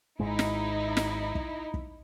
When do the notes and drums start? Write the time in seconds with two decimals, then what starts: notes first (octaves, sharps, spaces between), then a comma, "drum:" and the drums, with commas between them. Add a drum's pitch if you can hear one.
0.19 G#1 G#2 G#3 D#4 E4
0.39 drum: snare
0.97 drum: snare
1.35 drum: kick
1.74 drum: kick